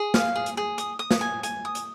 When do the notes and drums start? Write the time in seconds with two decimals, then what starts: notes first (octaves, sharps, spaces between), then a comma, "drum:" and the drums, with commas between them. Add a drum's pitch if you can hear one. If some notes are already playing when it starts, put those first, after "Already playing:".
Already playing: G#4
0.14 F5, drum: snare
0.36 G#4
0.46 drum: hi-hat
0.57 G#4
0.78 D#6, drum: hi-hat
0.99 D#6
1.11 drum: snare
1.21 G#5
1.43 G#5, drum: hi-hat
1.65 D#6
1.75 drum: hi-hat